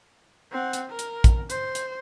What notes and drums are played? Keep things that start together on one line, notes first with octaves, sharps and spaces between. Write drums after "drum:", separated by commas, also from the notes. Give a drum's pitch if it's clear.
C4 F#5
drum: hi-hat
A#4
drum: hi-hat
drum: kick, hi-hat
C5, drum: hi-hat
drum: hi-hat